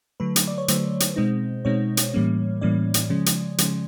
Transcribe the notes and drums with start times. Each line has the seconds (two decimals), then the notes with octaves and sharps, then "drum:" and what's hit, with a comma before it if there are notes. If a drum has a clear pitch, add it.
0.20 D3 F#3 A3 B4
0.36 drum: hi-hat
0.48 D5
0.58 C#5
0.68 D3 F#3 A3 C5, drum: hi-hat
1.00 drum: hi-hat
1.16 B2 G#3 C4 D#4
1.65 B2 G#3 C4 D#4 C#5
1.97 drum: hi-hat
2.13 A2 E3 G3 A#3 C#4
2.61 A2 E3 G3 A#3 C#4 D5
2.94 drum: hi-hat
3.10 C#3 F3 G#3 C#4
3.26 drum: hi-hat
3.58 C#3 F3 G#3 C#4, drum: hi-hat